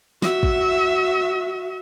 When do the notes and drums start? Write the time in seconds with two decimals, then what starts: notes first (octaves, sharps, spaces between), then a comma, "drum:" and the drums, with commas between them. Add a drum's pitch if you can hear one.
0.22 F#4 E5, drum: snare
0.43 drum: kick